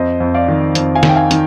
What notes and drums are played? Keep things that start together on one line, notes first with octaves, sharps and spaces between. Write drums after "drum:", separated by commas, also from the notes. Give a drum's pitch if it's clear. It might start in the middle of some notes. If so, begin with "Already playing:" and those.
Already playing: F2 C5 D#5
F2
D5 F5
D#3
F2, drum: hi-hat
F5 G#5
D#3, drum: snare
G5
F5 G#5
D#3, drum: hi-hat